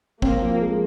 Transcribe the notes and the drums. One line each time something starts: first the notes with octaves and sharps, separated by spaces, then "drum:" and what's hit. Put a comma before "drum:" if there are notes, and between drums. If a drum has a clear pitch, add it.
A#3 C4, drum: kick G#1
F3
G#3